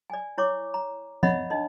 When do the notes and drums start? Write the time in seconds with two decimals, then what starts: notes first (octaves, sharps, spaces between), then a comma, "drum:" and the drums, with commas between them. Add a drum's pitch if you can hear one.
0.10 D5 G#5
0.38 E4 C#5 C#6 D6
0.74 A#5
1.23 C#5 D#5 E5 F#5 B5, drum: tom F3
1.50 D4 D#4 D#5